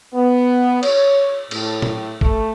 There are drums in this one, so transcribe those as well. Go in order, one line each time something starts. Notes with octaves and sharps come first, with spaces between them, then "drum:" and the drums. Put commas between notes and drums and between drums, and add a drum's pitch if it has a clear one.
B3
C#5, drum: cymbal
A2, drum: cymbal
drum: tom A#2
A3, drum: kick